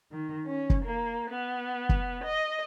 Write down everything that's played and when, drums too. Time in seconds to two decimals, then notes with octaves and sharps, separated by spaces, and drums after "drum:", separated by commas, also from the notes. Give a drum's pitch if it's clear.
0.11 D#3
0.46 C#4
0.70 drum: kick
0.83 A#3
1.30 B3
1.89 drum: kick
2.24 D#5